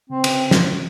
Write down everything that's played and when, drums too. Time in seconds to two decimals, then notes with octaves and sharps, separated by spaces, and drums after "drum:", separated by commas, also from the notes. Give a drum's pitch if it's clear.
0.10 C#3 C4
0.24 C#3 B4, drum: cymbal
0.51 drum: snare